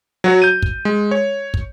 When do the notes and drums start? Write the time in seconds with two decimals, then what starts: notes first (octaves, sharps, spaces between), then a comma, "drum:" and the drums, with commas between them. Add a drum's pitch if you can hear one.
0.24 F#3 F#4 C#5
0.42 G6 D#7
0.62 drum: kick
0.85 G#3
1.11 C#5
1.54 drum: kick